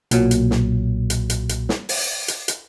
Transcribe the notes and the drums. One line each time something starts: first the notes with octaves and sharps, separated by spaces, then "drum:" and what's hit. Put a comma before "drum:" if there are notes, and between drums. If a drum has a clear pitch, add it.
B1 A#2 F#3, drum: hi-hat
drum: hi-hat
drum: snare
drum: hi-hat
drum: hi-hat
drum: hi-hat
drum: snare
drum: open hi-hat
drum: hi-hat
drum: hi-hat